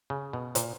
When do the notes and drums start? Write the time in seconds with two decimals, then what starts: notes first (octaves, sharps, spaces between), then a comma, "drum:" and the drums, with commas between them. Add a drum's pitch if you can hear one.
0.10 C#3
0.33 B2
0.55 A#2, drum: hi-hat